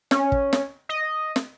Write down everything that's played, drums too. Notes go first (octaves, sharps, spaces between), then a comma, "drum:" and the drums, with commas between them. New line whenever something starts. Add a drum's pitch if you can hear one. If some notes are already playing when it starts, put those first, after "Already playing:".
C#4, drum: snare
drum: kick
drum: snare
D#5
drum: snare